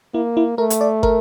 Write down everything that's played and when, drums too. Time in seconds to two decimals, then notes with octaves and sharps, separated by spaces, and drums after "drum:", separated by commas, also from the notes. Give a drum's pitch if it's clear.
0.14 A#3 E4
0.37 E4
0.58 A3 A#4
0.70 drum: hi-hat
0.81 D5
1.03 A#4, drum: kick